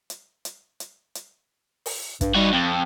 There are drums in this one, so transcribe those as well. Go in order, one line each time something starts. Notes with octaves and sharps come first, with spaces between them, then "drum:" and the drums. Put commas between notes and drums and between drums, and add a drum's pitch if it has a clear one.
drum: hi-hat
drum: hi-hat
drum: hi-hat
drum: hi-hat
drum: open hi-hat
G2, drum: kick, hi-hat
G3 D#4 F#4
F2 C4